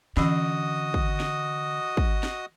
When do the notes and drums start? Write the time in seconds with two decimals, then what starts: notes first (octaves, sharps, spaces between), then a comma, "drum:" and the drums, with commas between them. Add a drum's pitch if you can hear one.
0.17 D3 E3 C#4 F#4 D#5 D#6, drum: snare
0.94 drum: kick
1.20 drum: snare
1.97 drum: kick
2.23 drum: snare